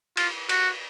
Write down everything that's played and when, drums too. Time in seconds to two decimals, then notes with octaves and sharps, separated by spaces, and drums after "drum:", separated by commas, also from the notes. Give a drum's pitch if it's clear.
0.17 F4, drum: cymbal
0.49 F#4, drum: cymbal